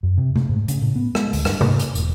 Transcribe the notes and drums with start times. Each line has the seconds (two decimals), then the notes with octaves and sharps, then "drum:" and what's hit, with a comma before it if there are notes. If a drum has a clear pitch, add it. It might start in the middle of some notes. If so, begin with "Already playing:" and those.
0.03 F#2
0.18 C3
0.36 A3, drum: tom C3
0.49 G#2
0.68 C#3, drum: hi-hat
0.81 A2
0.96 B3
1.15 G#3, drum: rim click
1.33 D2, drum: open hi-hat
1.45 G2, drum: rim click
1.61 G#2, drum: tom C3
1.79 drum: hi-hat
1.95 E1, drum: hi-hat